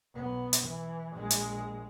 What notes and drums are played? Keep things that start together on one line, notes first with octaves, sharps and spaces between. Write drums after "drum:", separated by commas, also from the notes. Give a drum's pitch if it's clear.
B1 B3
drum: hi-hat
E3
A#1 G#3
drum: hi-hat